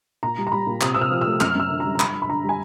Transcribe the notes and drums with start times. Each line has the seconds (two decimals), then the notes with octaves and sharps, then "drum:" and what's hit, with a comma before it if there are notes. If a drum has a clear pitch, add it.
0.23 A#2 A#5
0.38 G3
0.47 A#5
0.52 G3 B5
0.67 A#2
0.81 C3 D#6, drum: clap
0.94 C3 E6
1.01 F6
1.11 F3
1.21 E6
1.26 A3
1.41 F#2 F6, drum: clap
1.55 F#2 E6
1.70 D3
1.80 A#5
1.85 G3
1.95 A#5
2.00 G2 B5, drum: clap
2.15 G2
2.22 B5
2.29 D3 A#5
2.43 G3
2.49 G#5